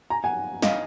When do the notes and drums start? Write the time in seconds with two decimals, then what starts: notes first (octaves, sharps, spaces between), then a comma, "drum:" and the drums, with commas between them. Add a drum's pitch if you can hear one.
0.10 G#5 A#5
0.24 F#5 G#5
0.62 D#5 F5, drum: snare